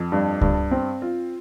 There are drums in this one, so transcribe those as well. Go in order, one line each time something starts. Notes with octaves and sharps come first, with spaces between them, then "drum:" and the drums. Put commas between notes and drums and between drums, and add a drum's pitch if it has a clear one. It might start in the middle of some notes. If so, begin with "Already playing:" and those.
Already playing: F2
G2
G2, drum: kick C#2
C4
F4